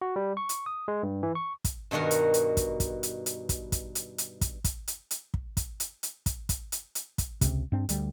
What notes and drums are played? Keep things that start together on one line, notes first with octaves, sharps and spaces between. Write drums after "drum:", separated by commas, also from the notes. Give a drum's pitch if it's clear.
F#4
G3
C#6
drum: hi-hat
D#6
G#3
G2
E3
C#6
drum: kick, hi-hat
G2 B2 D#3 F#4 A#4
drum: hi-hat
drum: hi-hat
drum: kick, hi-hat
drum: kick, hi-hat
drum: hi-hat
drum: hi-hat
drum: kick, hi-hat
drum: kick, hi-hat
drum: hi-hat
drum: hi-hat
drum: kick, hi-hat
drum: kick, hi-hat
drum: hi-hat
drum: hi-hat
drum: kick
drum: kick, hi-hat
drum: hi-hat
drum: hi-hat
drum: kick, hi-hat
drum: kick, hi-hat
drum: hi-hat
drum: hi-hat
drum: kick, hi-hat
C#2 C3, drum: kick, hi-hat
G2 C4 D4
D2 G3, drum: hi-hat